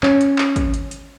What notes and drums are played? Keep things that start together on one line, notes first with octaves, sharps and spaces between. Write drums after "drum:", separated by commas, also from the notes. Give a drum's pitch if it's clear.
C#4, drum: clap
drum: hi-hat
drum: clap
drum: kick, hi-hat
drum: hi-hat
drum: hi-hat